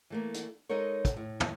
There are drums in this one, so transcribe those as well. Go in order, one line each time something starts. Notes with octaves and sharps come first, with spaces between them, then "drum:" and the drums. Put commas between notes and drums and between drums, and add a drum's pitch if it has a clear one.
E3 A3 A#3
drum: hi-hat
G#3 D#4 A4 A#4 C#5
drum: kick, hi-hat
A2
drum: tom